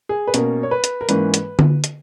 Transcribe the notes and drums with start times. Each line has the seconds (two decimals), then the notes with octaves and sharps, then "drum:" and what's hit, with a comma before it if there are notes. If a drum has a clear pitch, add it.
0.09 G#4
0.27 B4
0.34 B2 A#3 C#4 A#4, drum: hi-hat
0.63 C#5
0.71 B4
0.84 drum: hi-hat
1.01 A#4
1.09 G#2 E3 A#3 C#4 B4, drum: hi-hat
1.34 drum: hi-hat
1.59 drum: tom D3
1.84 drum: hi-hat